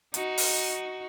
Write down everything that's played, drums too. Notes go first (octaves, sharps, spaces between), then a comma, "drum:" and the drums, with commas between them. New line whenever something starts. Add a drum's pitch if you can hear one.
D#4 F#4, drum: hi-hat
drum: open hi-hat